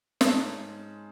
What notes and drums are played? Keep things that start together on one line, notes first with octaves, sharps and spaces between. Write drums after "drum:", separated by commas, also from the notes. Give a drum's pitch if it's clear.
G#2 G#3 C#4 A5, drum: snare